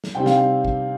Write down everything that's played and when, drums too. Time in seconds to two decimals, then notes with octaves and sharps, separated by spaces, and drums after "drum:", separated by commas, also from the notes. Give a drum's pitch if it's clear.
0.04 drum: snare
0.15 C3 G3 C4 D#4 G5
0.26 F5, drum: snare
0.36 G5
0.65 drum: kick